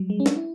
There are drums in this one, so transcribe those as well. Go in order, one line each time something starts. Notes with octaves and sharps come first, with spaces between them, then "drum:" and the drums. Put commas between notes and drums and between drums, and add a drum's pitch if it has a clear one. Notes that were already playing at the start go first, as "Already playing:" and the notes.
Already playing: F#3 G3
G#3
C#4
D4, drum: snare
E4